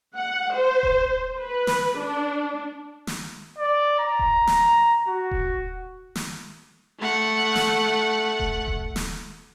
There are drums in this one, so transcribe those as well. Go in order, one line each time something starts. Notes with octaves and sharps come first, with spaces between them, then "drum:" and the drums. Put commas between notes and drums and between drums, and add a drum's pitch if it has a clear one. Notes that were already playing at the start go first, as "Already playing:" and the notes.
F#5
C5
drum: kick D#1
B4
drum: snare
D4
drum: snare
D5
A#5
drum: kick D#1
drum: snare
F#4
drum: kick D#1
drum: snare
A3 F#5
drum: snare
drum: kick D#1
drum: kick D#1
drum: snare